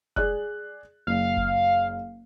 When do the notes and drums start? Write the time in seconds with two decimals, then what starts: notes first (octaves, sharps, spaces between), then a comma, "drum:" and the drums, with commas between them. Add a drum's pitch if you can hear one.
0.16 G#4 D5 F#6, drum: kick F1
1.07 F#1 F5
1.37 drum: kick F1